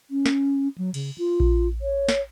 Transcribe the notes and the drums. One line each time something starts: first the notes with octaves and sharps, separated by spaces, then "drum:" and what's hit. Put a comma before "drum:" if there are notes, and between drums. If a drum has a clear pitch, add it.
C#4
drum: snare
F#3
C#3, drum: cymbal
F4
drum: kick A#1
C#5
drum: snare